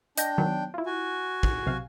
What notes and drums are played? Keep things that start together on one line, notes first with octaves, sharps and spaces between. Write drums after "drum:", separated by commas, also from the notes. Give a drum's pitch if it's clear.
D4 D#5 G5 G6 A#6, drum: hi-hat
D#3 F#3 B3
E4 F4
F#4 G#5
drum: kick
B1 C3 F5